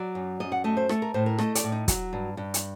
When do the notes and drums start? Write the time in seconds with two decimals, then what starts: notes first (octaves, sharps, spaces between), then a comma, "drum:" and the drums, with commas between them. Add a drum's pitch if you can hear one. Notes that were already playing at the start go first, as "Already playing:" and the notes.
Already playing: F#3 D5
0.15 F#2
0.40 F#2 D#5
0.52 F#5
0.64 A3 D#5
0.77 C5
0.89 A3 A4, drum: rim click
1.02 A#4
1.14 A2 C5
1.26 A#4
1.38 A3 D#5, drum: rim click
1.55 D5, drum: hi-hat
1.64 A2
1.72 D#4
1.88 F#3, drum: kick, hi-hat
2.13 G2
2.37 G2
2.54 drum: hi-hat